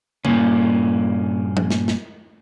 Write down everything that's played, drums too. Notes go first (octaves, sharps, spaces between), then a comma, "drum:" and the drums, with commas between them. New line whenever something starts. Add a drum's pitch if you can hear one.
G2 A#2 A#3 C#4, drum: tom C#3
drum: tom
drum: snare
drum: snare